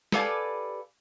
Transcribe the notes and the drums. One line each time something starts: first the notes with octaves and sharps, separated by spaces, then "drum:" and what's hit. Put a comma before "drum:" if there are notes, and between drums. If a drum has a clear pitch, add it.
G4 A4 B4 D5 F5 G#5, drum: snare